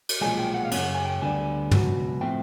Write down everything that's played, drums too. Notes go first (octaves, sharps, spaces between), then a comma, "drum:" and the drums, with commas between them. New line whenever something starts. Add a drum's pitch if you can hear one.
drum: cymbal
B1 A#2 F3 G#3 C#4 G#5
G5
F#5
F5
F#2 C#3 F3 A#3 C#4 F#5, drum: cymbal
G#5
G5
D2 D3 G3 B3 G#5
C#2 B2 F#3 B3, drum: tom
A2 F3 A3 C4 G5